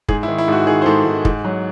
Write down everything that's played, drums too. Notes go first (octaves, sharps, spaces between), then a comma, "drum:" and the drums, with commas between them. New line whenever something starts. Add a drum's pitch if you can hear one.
G#2 G#4, drum: kick
E4
D#3
E4
G#2 F#4
D#3 G#4
C5
G#2 A4
G#2
G#2, drum: kick
F#3